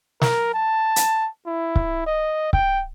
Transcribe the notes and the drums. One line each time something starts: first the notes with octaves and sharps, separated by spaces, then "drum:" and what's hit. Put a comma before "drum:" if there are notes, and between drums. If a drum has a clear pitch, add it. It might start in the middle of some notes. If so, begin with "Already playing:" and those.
A#4, drum: snare
A5
drum: hi-hat
E4
drum: kick C#1
D#5
G5, drum: kick C#1